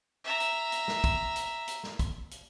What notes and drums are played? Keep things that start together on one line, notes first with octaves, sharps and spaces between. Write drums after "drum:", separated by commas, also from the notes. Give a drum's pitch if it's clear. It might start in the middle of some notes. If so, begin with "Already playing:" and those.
E5 A#5
drum: hi-hat
drum: hi-hat
drum: snare
drum: kick, hi-hat
drum: hi-hat
drum: hi-hat
drum: snare
drum: kick, hi-hat
drum: hi-hat